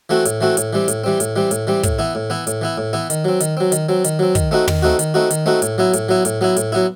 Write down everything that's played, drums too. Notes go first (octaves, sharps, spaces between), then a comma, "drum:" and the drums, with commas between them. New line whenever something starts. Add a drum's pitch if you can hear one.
E3 A3 C4 F#4
A2, drum: hi-hat
E3 A3 C4 F#4
A2, drum: hi-hat
E3 G3 C4
A2, drum: hi-hat
E3 G3 C4
A2, drum: hi-hat
E3 G3 C4
A2, drum: hi-hat
E3 G3 C4
A2, drum: kick, hi-hat
E3 B3 E4
A2
E3 B3 E4
A2, drum: hi-hat
E3 B3 E4
A2
E3 B3 E4
D#3, drum: hi-hat
F#3 C4
D#3, drum: hi-hat
F#3 C4
D#3, drum: hi-hat
F#3 C4
D#3, drum: hi-hat
F#3 C4
D#3, drum: kick, hi-hat
A3 C4 D#4 F#4
D#3, drum: tom
A3 C4 D#4 F#4
D#3, drum: hi-hat
A3 C4 D#4 F#4
D#3, drum: hi-hat
A3 C4 D#4 F#4
A2, drum: hi-hat
F#3 B3 E4
A2, drum: hi-hat
F#3 B3 E4
A2, drum: hi-hat
F#3 B3 E4
A2, drum: hi-hat
F#3 B3 E4